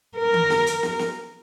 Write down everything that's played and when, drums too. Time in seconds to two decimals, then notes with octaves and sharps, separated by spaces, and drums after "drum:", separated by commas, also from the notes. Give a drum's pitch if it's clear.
0.17 A#4
0.34 drum: tom D#3
0.50 drum: snare
0.67 drum: hi-hat
0.83 drum: snare
0.99 drum: snare